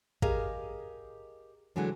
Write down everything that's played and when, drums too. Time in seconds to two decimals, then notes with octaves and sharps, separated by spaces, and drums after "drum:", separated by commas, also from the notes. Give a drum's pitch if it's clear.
0.22 G4 G#4 A#4 D#5 F5, drum: kick
1.76 D3 E3 F#3 G#3 D4